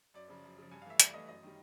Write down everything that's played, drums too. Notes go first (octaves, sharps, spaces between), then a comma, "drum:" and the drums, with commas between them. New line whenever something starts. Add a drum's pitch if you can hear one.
F#2 D5
C#3 F3
F#2
C#3 F3
G2 G#5
F5
E3 A3 E5
G2 D5, drum: hi-hat
E3 A3 D#5
F#2 D#5
D#3 G3